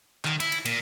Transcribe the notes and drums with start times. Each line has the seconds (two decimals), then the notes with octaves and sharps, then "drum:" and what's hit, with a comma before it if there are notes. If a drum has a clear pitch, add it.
0.25 D#3, drum: clap
0.40 E4, drum: cymbal
0.52 drum: cymbal
0.65 A#2, drum: cymbal